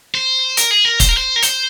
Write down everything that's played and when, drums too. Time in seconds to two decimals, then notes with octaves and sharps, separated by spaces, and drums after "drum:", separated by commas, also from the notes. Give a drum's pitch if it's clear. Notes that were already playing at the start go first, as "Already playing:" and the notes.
0.15 C5
0.57 A#4, drum: hi-hat
0.71 G#4
0.85 A#4
1.00 C5, drum: kick, hi-hat
1.09 A#4
1.17 C5
1.36 A#4
1.42 C5, drum: hi-hat